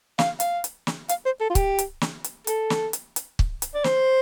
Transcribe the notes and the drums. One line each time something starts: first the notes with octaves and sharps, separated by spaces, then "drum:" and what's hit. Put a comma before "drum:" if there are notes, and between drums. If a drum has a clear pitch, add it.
F5, drum: snare
F5, drum: hi-hat
drum: hi-hat
drum: snare
F5, drum: hi-hat
C5
A4
F4
G4, drum: kick, hi-hat
drum: hi-hat
drum: snare
drum: hi-hat
A4, drum: hi-hat
drum: snare
drum: hi-hat
drum: hi-hat
drum: kick
drum: hi-hat
D5
C5, drum: snare